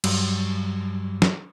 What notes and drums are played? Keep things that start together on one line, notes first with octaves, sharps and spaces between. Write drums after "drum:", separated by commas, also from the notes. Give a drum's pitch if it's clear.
G2 F#3 G3 E6, drum: cymbal
drum: snare